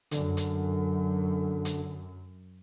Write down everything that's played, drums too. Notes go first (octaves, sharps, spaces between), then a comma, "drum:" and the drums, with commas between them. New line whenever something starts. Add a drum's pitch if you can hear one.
F#2 D3, drum: hi-hat
drum: hi-hat
drum: hi-hat